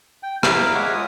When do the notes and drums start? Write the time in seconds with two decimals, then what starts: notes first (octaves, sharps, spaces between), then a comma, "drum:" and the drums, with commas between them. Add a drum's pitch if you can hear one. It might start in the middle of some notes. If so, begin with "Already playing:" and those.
0.23 G5
0.43 E4 A#4 F5 A#5 B5 D6, drum: rim click
0.74 G#3 C#5 E5 F#5
0.93 F4 D#6